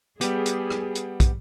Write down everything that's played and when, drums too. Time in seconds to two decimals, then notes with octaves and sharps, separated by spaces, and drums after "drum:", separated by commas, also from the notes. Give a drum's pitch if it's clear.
0.21 G3 B3 G4 G#4, drum: hi-hat
0.46 drum: hi-hat
0.70 drum: rim click
0.95 drum: hi-hat
1.20 drum: kick, hi-hat